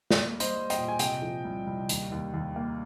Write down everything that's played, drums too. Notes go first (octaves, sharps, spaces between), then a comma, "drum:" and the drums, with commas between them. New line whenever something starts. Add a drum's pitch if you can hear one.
A#3, drum: snare
G3
C5 D#5, drum: hi-hat
G3
D#5 G5, drum: hi-hat
A#2
G#5
C3 D#5 G5, drum: hi-hat
F3
C2
C2
D#2, drum: hi-hat
D#2
D#2
A#3